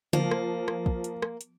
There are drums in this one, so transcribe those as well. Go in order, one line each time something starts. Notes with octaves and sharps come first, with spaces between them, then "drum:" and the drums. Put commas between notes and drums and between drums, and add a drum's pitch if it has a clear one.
F3 A#3, drum: tom C#3
drum: rim click
drum: rim click
drum: kick
drum: hi-hat
drum: rim click
drum: hi-hat